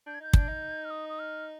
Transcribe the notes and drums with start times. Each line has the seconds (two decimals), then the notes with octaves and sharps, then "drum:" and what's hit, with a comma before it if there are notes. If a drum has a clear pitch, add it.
0.06 D4 G6
0.14 G#6
0.20 D#4 G6
0.33 D4, drum: kick
0.49 D#4
0.85 F6
0.90 D#6
1.09 D#6
1.19 F6